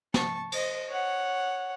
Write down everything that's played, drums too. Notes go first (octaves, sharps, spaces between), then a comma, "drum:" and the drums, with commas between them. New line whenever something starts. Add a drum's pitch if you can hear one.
A5 C#6, drum: snare
C5 D#5, drum: cymbal
C#5 F#5